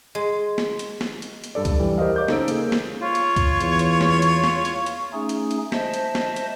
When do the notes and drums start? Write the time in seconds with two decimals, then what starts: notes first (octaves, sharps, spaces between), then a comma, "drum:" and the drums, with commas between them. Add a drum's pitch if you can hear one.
0.15 G#3
0.58 drum: snare
0.79 drum: hi-hat
1.01 drum: snare
1.22 drum: hi-hat
1.44 drum: hi-hat
1.55 G2 A4 D5
1.65 drum: kick C#2, hi-hat
1.79 E3 G3
1.98 G4 A#4 C5 D#5 F5
2.16 C#5 D6 G6
2.28 C#3 D#4 A4 C5 E6 D7, drum: snare
2.48 A#3 G#4, drum: hi-hat
2.72 drum: snare
3.01 F4 C#5
3.15 drum: hi-hat
3.36 drum: kick C#2, hi-hat
3.61 E2, drum: hi-hat
3.79 drum: hi-hat
4.01 drum: snare
4.22 drum: hi-hat
4.44 drum: snare
4.65 drum: hi-hat
4.86 drum: hi-hat
5.13 A3 C#4 D#4 G#4
5.29 drum: hi-hat
5.51 drum: hi-hat
5.72 C5 D#5 E5 A5, drum: snare
5.94 drum: hi-hat
6.15 drum: snare
6.36 drum: hi-hat